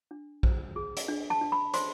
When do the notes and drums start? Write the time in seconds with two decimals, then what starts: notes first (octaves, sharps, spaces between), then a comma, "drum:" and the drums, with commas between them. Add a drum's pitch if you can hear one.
0.11 D4
0.43 C5, drum: kick A#1
0.76 G#4
0.97 drum: hi-hat
1.08 D4
1.30 A5
1.41 D4
1.52 B5
1.74 C5 C6, drum: hi-hat